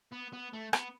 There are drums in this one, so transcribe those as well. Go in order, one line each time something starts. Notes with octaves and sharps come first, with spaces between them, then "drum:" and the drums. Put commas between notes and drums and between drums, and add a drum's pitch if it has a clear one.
B3
B3
A3
B3, drum: rim click